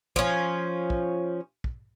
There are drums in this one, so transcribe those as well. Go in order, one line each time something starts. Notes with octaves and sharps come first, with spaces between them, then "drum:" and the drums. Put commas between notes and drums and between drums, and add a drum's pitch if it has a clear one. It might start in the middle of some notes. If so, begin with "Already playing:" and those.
F3 C#4, drum: kick
drum: kick
drum: kick